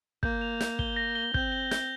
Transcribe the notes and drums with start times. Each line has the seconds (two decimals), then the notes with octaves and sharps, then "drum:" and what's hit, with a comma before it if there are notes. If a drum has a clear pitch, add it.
0.23 A#3 G6, drum: kick
0.41 F7
0.61 G6, drum: snare
0.79 G7, drum: kick
0.96 A#6
1.15 G7
1.34 C4 G6, drum: kick
1.52 G7
1.71 G6, drum: snare